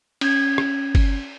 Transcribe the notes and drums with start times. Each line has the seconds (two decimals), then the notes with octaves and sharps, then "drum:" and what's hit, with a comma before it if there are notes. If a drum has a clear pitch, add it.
0.21 C#4 G#6, drum: cymbal
0.58 drum: rim click
0.95 drum: kick G1, cymbal